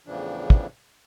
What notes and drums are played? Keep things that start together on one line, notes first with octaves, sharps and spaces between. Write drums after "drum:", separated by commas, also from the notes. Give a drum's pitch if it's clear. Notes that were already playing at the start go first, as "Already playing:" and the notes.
E2 A2 C#3 E3 F3 D4
drum: kick